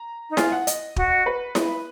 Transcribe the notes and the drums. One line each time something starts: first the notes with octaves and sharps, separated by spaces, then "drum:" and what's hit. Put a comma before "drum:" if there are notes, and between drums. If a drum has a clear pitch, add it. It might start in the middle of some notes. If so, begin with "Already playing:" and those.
Already playing: A#5
D#4
F4 G#5, drum: snare E4
F#5
D#5, drum: hi-hat
F#4, drum: kick
B4
drum: snare E4